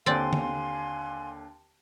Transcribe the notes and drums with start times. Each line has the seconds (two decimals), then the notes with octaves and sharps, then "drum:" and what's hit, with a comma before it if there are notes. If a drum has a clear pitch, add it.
0.06 D#2 D3 C4 D5 F5 G#5 C6
0.33 drum: tom